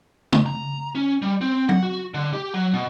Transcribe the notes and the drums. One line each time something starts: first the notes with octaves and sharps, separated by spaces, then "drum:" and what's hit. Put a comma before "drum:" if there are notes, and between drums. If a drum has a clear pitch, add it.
drum: tom
A#5
C#4
G3
C4
F#5, drum: tom F#3
F#4
D3
G4
F#3
B2